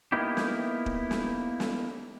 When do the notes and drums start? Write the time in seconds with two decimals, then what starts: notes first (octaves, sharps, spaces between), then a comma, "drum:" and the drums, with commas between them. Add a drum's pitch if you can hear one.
0.12 A#3 B3 D#4 E4 G4
0.37 drum: snare
0.86 drum: kick D#1
1.11 drum: snare
1.60 drum: snare